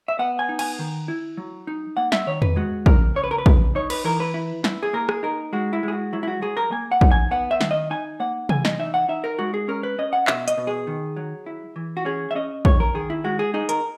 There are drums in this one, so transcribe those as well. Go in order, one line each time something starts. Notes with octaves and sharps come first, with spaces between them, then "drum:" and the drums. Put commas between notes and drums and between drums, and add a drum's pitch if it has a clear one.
E5
B3 F#5
G#5
D#4
G#5, drum: cymbal
D#3
E4
F#3
D#4
A#3 F#5
E5, drum: snare
D#3 C#5
B4, drum: tom E2
G#3 F#4
C#3 A#4, drum: kick
C#3 C#5
B4
A#4
B4
C#3, drum: kick
D#4 C#5
B4, drum: cymbal
E3 A#4
B4
E4
E4, drum: snare
G#4
A#3 A#4
G#4, drum: rim click
D#4 A#4
G#3 F#4
E4
G#3 G#4
F#4
F#3 E4
E4
F#4
F#3 G#4
A#4
A#3 G#5
F#5
D#4, drum: kick
G#5
B3 F#5
E5
D#3, drum: snare
D#5
D#4 G#5
A#3 F#5
E3 G#5, drum: tom C3
D#5, drum: snare
D#4 E5
F#5
D#4 E5
A#4
G#3 F#4
G#4
C#4 A#4
B4
C#4 D#5
F#5
B2 E5, drum: clap
D#5, drum: hi-hat
B2
G#4
D#3
F#3
E4
E3
F#4
C#4 G#4
E5
C#4 D#5
D#3 C#5, drum: kick
A#4
D#3 G#4
E4
G#3 F#4
G#4
D#4 G#4
A#4, drum: hi-hat